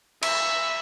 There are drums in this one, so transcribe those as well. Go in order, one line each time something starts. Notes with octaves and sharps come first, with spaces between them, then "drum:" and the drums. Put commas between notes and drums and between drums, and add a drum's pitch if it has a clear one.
E5, drum: cymbal